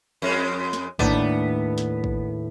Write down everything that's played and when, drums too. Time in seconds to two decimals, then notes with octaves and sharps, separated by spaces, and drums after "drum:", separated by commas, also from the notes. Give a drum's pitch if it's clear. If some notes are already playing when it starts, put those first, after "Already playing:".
0.22 F2 G#3
0.73 drum: snare
0.99 D#2 A2 B3 D4, drum: kick
1.78 drum: snare
2.04 drum: kick